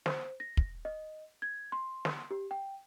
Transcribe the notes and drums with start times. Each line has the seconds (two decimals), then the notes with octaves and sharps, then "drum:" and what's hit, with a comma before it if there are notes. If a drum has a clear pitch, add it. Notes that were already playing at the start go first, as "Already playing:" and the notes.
0.06 C5, drum: snare
0.40 A#6
0.57 drum: kick
0.85 D#5
1.42 G#6
1.72 C6
2.05 drum: snare
2.31 G4
2.51 G5